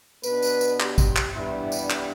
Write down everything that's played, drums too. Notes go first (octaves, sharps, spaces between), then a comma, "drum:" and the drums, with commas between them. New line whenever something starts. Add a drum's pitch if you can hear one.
B2 B3 D4 B4, drum: tambourine
drum: tambourine
drum: tambourine
G4, drum: clap
drum: kick G#1, tambourine
drum: clap
G2 E3 G3 B3 D4 E4
drum: tambourine
drum: clap